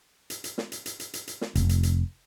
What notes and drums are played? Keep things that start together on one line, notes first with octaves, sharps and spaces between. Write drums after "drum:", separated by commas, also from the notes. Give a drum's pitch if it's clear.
drum: hi-hat
drum: hi-hat
drum: snare
drum: hi-hat
drum: hi-hat
drum: hi-hat
drum: hi-hat
drum: hi-hat
drum: snare
F1, drum: hi-hat
drum: hi-hat
drum: hi-hat